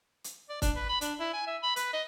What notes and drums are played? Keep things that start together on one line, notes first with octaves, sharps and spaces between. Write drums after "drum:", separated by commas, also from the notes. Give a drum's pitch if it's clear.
drum: hi-hat
D5
D4, drum: kick, hi-hat
B4
B5
D4, drum: hi-hat
E4
G#5
E5
B5
B4, drum: hi-hat
D#5